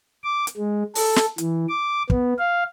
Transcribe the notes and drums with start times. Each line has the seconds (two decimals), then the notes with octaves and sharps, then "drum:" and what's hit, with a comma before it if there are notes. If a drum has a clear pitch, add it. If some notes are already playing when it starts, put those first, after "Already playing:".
0.24 D6
0.47 drum: hi-hat
0.57 G#3
0.95 A4, drum: open hi-hat
1.16 drum: snare
1.38 E3, drum: hi-hat
1.69 D6
2.10 B3, drum: kick
2.39 F5